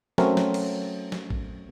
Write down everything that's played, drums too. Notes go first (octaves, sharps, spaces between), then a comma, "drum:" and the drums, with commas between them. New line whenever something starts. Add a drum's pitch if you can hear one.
F#3 A3 C4 C#4 A#4, drum: snare
drum: snare
drum: cymbal
drum: snare
drum: kick A1